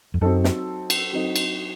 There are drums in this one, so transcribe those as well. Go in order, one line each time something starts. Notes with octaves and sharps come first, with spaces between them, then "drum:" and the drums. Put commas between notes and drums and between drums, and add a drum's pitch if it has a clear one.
F2
F#2 F#3 C4 D#4 A4
drum: snare
drum: cymbal
F#3 C4 D#4 A4
drum: cymbal